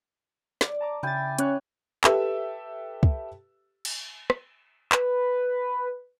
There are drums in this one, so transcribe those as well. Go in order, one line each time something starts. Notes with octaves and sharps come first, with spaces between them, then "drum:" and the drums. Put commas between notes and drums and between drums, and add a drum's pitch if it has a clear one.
D5, drum: snare
A5 A#5 D6
C#3 E4 G5 G#5 A6
C#4 C#5 F#6, drum: hi-hat
G4 A4 B4 E5 E6, drum: clap
drum: kick
drum: cymbal
drum: rim click
B4, drum: clap